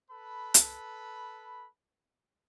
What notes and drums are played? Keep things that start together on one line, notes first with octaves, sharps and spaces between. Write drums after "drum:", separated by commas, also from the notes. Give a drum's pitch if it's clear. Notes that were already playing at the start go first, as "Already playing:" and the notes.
A4 B4 B5
drum: hi-hat